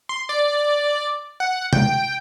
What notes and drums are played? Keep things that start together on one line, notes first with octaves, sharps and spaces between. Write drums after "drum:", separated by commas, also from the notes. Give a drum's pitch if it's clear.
C6
D5
F#5
G5, drum: tom C3